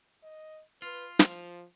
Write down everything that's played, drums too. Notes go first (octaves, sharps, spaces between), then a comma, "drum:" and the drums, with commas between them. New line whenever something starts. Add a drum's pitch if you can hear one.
D#5
F4 B4
F3, drum: snare